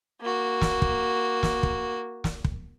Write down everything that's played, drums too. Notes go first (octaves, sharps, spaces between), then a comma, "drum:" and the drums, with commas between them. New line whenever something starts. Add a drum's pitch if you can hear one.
A#3 F#4
drum: snare
drum: kick
drum: snare
drum: kick
drum: snare
drum: kick